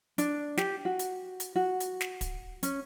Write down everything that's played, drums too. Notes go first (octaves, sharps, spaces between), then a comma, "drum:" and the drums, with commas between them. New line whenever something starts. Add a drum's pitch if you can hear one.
D4, drum: hi-hat
G4, drum: snare
F#4
drum: hi-hat
drum: hi-hat
F#4
drum: hi-hat
drum: snare
drum: kick, hi-hat
C#4, drum: hi-hat